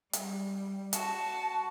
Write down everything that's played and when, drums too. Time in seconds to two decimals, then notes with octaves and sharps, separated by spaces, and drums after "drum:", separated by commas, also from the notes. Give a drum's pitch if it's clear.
0.13 G3, drum: hi-hat
0.93 F#4 A5, drum: hi-hat